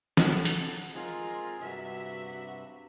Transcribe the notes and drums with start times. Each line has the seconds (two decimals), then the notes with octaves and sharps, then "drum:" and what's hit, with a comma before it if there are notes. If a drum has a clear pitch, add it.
0.17 A4 F#5, drum: snare
0.45 drum: hi-hat
0.94 G#3 C4 F4 G#4 A#4
1.59 G2 C3 F#4 E5